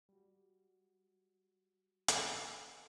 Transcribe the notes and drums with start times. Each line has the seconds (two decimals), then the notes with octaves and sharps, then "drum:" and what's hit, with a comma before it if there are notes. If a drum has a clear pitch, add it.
0.09 G3 F#4
2.08 drum: hi-hat